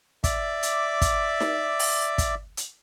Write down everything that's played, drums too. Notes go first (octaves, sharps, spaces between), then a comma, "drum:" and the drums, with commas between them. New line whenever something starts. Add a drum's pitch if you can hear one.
D5 E5 D6, drum: kick, hi-hat
drum: hi-hat
drum: kick, hi-hat
drum: snare D#4
drum: open hi-hat
drum: kick, hi-hat
drum: hi-hat